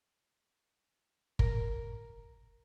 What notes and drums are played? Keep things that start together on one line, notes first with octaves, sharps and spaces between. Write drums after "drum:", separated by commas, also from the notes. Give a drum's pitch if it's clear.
A#4, drum: kick